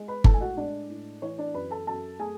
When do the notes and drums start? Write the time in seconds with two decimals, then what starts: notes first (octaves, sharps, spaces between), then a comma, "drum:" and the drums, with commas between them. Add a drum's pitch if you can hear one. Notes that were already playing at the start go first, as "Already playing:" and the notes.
Already playing: G#3
0.08 B4 B5
0.24 A2 A4 A5, drum: kick G1
0.34 G#5
0.41 F#4 F#5
0.57 G#3 D4 D5
0.89 A2
1.22 E3 C#5
1.38 D4 D5
1.54 F#2 B4 B5
1.71 A4 A5
1.87 F#2 A4 A5
2.19 A3 G#4 G#5